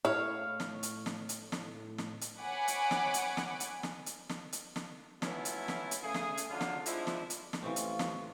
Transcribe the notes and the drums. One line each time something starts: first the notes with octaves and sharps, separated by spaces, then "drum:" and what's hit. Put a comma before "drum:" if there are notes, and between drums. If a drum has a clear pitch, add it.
A2 E4 C#5 F5
drum: snare
drum: hi-hat
drum: snare
drum: hi-hat
drum: snare
drum: snare
drum: hi-hat
C#5 F#5 G#5 B5 D6
drum: hi-hat
drum: snare
drum: hi-hat
drum: snare
drum: hi-hat
drum: snare
drum: hi-hat
drum: snare
drum: hi-hat
drum: snare
E3 F#3 A3 C#4 E4 F4, drum: snare
drum: hi-hat
drum: snare
drum: hi-hat
C#3 A3 G#4
drum: snare
drum: hi-hat
D3 F#3 D4 F4
drum: snare
F3 G#3 D4 E4, drum: hi-hat
drum: snare
drum: hi-hat
drum: snare
A1 E3 C4 F4 C#6
drum: hi-hat
drum: snare